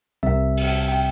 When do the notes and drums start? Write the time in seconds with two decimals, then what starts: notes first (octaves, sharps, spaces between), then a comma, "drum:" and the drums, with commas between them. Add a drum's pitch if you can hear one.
0.23 C2 C3 G3 C4 E5
0.57 drum: open hi-hat
0.88 G5